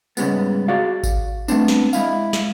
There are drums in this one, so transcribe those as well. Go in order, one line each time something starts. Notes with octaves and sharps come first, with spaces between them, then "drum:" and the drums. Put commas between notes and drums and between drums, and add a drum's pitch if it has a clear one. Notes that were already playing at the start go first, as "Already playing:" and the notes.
G#2 C#3 E3 G3 G#3 B3, drum: tambourine
F#4 G#4 D5 F5
drum: kick G#1, tambourine
A3 B3 C4 D4, drum: tambourine
drum: snare
G#3 E4 F5, drum: tambourine
drum: snare